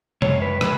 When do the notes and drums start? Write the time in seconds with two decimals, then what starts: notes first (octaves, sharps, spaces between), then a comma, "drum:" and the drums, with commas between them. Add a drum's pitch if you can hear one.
0.22 F#2 C#3 G#3 C#5, drum: tom
0.42 B4
0.61 C#3 G#3 B4, drum: rim click